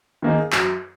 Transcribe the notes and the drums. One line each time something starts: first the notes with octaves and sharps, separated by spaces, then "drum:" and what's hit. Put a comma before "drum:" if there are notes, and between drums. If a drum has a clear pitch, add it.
D#3 A#3 D#4 G#4
F#2, drum: clap